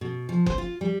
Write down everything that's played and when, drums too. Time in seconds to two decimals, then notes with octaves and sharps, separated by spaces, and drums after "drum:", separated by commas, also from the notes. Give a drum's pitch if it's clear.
0.01 B2
0.29 F3
0.46 C5, drum: kick F#1
0.58 F4
0.81 G3